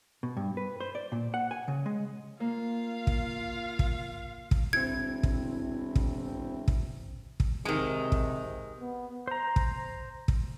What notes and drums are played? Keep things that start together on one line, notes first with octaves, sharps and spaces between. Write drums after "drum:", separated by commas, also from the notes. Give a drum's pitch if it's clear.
B2
G2
B4
C5
D5
A#2
F#5
G#5
C#3
G#3
A#3 F4 F5
drum: kick
drum: kick
drum: kick
E1 C4 E4 G#6
drum: kick
drum: kick
drum: kick
drum: kick
C3 D#3 G#3
drum: kick
B3
C5 A#5
drum: kick
drum: kick